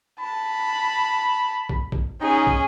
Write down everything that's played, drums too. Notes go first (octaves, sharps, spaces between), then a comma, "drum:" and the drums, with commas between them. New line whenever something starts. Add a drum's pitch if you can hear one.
A5 B5
drum: kick
drum: kick
C#4 D#4 G#4
drum: kick